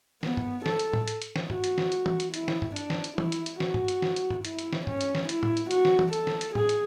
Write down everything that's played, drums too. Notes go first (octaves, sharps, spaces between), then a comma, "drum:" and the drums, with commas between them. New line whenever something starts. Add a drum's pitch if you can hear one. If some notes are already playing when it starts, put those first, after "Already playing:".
B3, drum: snare
drum: tom G2
A4, drum: snare
drum: hi-hat
drum: tom A2
drum: hi-hat
drum: hi-hat
drum: snare
F#4, drum: tom G2
drum: hi-hat
drum: snare
drum: hi-hat
drum: tom
drum: hi-hat
E4, drum: hi-hat
drum: snare
drum: tom G2
D4, drum: hi-hat
drum: snare
drum: hi-hat
E4, drum: tom
drum: hi-hat
drum: hi-hat
F#4, drum: snare
drum: tom G2
drum: hi-hat
drum: snare
drum: hi-hat
drum: tom G2
E4, drum: hi-hat
drum: hi-hat
drum: snare
C#4, drum: tom G2
drum: hi-hat
drum: snare
E4, drum: hi-hat
drum: tom A2
drum: hi-hat
F#4, drum: hi-hat
drum: snare
drum: tom
A4, drum: hi-hat
drum: snare
drum: hi-hat
G#4, drum: tom A2
drum: hi-hat